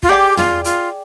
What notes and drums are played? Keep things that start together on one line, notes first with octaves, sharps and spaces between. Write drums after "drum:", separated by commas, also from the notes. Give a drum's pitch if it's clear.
F4, drum: kick
G4 G#4 D5 G5 D6
F4, drum: tom
F4, drum: hi-hat